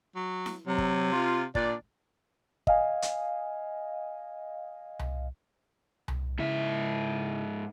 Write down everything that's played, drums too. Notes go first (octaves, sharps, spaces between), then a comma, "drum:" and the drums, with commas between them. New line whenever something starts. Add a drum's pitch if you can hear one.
F#3
drum: snare E4
C3 F#3
drum: kick
F4
A#2 D4 D5, drum: kick
D#5 F5 G#5, drum: kick
drum: hi-hat
drum: tom C2
drum: tom C2
G#2 C#3 E4 E5